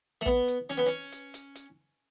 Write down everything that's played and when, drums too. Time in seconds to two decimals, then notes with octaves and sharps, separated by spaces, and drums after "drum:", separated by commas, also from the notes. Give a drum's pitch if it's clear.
0.21 A3
0.26 B3, drum: kick
0.48 drum: hi-hat
0.70 C#4, drum: hi-hat
0.78 B3
0.86 C#4
1.12 drum: hi-hat
1.34 drum: hi-hat
1.55 drum: hi-hat